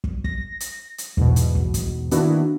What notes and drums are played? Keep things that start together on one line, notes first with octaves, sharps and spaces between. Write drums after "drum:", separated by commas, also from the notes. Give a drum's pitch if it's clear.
drum: kick
A#6, drum: kick
drum: hi-hat
drum: hi-hat
E2 G#2 B2, drum: kick
drum: hi-hat
drum: kick
drum: kick, hi-hat
D#3 A#3 B3 D4 E4 F#4, drum: hi-hat